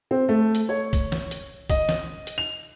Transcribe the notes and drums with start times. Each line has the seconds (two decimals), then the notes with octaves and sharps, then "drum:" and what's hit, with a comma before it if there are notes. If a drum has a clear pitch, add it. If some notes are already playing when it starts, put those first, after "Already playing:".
0.11 C4
0.29 A3
0.55 drum: hi-hat
0.69 C#5
0.93 drum: kick, hi-hat
1.12 drum: snare
1.31 drum: hi-hat
1.70 D#5, drum: kick, hi-hat
1.89 drum: snare
2.27 drum: hi-hat
2.38 F7